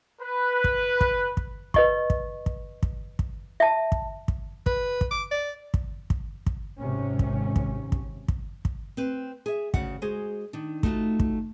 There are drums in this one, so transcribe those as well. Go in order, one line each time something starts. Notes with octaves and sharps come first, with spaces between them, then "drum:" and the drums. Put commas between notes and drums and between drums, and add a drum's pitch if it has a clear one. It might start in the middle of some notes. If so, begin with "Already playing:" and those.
B4
drum: kick
drum: kick
drum: kick
B4 D#5 C#6, drum: kick
drum: kick
drum: kick
drum: kick
drum: kick
E5 A5
drum: kick
drum: kick
B4, drum: kick
drum: kick
D6
D5
drum: kick
drum: kick
drum: kick
G#1 C3 C#4
drum: kick
drum: kick
drum: kick
drum: kick
drum: kick
C4 B4
G#4 E5
D2 C#3 F#4 F#5, drum: kick
G#3 F#4 G#4 C5
D#3 D4
A3 D#4 F4 F#4, drum: kick
drum: kick